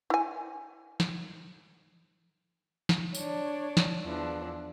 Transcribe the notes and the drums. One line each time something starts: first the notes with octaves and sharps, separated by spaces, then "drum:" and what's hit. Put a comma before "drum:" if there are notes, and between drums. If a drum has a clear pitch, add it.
E4 G#5
drum: snare
drum: snare
D4 C#5, drum: tambourine
drum: snare
E2 E3 F3 D4